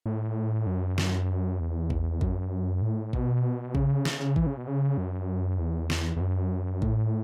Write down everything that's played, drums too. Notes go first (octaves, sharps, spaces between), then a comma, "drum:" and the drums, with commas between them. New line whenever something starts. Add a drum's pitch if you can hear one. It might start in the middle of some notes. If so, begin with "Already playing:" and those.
A2
F#2
drum: snare
E2
drum: kick A1
F#2, drum: kick A1
A2
B2, drum: kick A1
C#3, drum: kick A1
drum: snare
E3, drum: kick A1
C#3
B2
C#3
F#2
E2
drum: snare
E2
F#2
A2, drum: kick A1